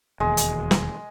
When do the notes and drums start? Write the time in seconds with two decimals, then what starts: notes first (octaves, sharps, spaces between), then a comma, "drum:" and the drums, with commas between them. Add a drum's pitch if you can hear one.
0.20 E1 D#2 G#3
0.37 drum: hi-hat
0.71 drum: snare